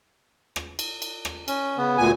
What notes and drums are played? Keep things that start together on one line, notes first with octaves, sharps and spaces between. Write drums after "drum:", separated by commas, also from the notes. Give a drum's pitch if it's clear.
drum: rim click
drum: cymbal
drum: cymbal
drum: rim click
C#4, drum: cymbal
C#3 B3
D2 A#2 G#5